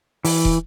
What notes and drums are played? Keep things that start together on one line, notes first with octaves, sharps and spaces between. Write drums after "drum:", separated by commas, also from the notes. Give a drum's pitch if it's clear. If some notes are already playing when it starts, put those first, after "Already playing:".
E3, drum: open hi-hat
drum: kick